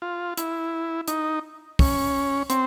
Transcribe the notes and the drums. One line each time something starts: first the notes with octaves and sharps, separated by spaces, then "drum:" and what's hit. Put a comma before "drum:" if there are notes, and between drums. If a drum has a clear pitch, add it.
F4
E4, drum: hi-hat
D#4, drum: hi-hat
C#4, drum: kick, open hi-hat
C4, drum: hi-hat